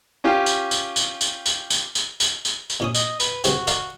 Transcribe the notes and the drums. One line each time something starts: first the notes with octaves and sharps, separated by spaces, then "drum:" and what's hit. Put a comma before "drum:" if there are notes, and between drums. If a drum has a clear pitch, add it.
C#4 F4 G4
drum: tambourine
drum: tambourine
drum: tambourine
drum: tambourine
drum: tambourine
drum: tambourine
drum: tambourine
drum: tambourine
drum: tambourine
drum: tambourine
A#2 C#4 D#6
D#5, drum: tambourine
B4, drum: tambourine
G2 C#3 C4 F#4, drum: tambourine
A#4 D5 F5, drum: tambourine